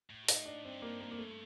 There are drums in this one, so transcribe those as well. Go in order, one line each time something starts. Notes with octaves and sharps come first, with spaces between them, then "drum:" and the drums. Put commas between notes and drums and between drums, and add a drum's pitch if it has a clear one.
A2
D#4, drum: open hi-hat
D4
G2 C4
A#3
A#3
A#3
A3